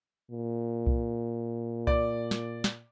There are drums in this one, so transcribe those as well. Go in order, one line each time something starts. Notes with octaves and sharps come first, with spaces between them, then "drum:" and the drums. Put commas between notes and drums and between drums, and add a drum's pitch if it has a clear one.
A#2
drum: kick C2
D5, drum: kick C2
drum: snare
drum: snare